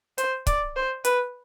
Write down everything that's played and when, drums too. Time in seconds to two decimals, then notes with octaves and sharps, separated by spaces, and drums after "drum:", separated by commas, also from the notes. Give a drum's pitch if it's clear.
0.18 C5, drum: hi-hat
0.47 D5, drum: kick, hi-hat
0.76 C5
1.05 B4, drum: hi-hat